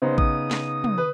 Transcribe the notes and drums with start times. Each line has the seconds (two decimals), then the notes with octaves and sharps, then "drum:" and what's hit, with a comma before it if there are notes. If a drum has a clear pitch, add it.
0.02 C#3 B3 D#4 C5
0.18 D#6, drum: kick A1
0.51 drum: snare
0.84 drum: tom
0.98 B4